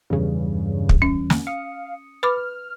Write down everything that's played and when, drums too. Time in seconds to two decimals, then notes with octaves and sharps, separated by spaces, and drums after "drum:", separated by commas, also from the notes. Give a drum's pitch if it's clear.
0.10 E2 G2 C#3 E3 G3
0.89 drum: kick
1.02 C#4
1.30 drum: snare
1.47 F5 D#6 C#7
2.23 B4 B5 D6 F6